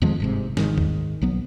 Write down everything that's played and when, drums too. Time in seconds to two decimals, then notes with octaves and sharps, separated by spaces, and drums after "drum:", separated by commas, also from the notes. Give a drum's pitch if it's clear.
0.02 F2 D#3 F3 G#3
0.20 G1 G#2 C3
0.57 G#2 D#3, drum: snare
0.78 drum: kick
1.22 B1 F#3 B3